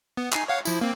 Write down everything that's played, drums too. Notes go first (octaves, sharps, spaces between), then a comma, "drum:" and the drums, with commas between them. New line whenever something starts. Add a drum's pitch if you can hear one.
B3
D#4 G#5 C7, drum: clap
C#5 F5 F#5
F3 E4, drum: tambourine
A#3 C4